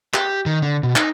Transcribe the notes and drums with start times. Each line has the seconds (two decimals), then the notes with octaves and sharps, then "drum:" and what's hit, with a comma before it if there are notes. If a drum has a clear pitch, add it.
0.14 G4, drum: clap
0.46 D#3
0.62 D3
0.83 B2
0.96 D#4, drum: clap